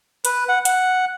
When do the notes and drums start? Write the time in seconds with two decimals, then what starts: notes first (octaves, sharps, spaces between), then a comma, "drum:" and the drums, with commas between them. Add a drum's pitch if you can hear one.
0.25 B4, drum: hi-hat
0.49 F#5
0.65 F#5, drum: hi-hat